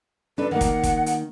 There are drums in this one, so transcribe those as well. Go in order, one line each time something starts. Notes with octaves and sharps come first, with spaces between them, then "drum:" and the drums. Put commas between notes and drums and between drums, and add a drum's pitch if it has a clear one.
D4 A4 B4
D#3 A#3 F#5
drum: kick, hi-hat
drum: kick, hi-hat
drum: hi-hat